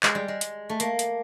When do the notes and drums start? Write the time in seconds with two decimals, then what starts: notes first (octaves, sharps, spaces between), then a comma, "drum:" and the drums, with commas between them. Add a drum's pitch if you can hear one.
0.03 G#3, drum: clap
0.15 G3
0.28 G#3
0.41 drum: hi-hat
0.69 A3
0.80 A#3, drum: hi-hat
0.99 drum: hi-hat